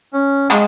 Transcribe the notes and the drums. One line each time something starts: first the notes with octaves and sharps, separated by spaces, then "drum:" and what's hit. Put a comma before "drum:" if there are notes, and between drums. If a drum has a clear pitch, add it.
C#4
G#3, drum: clap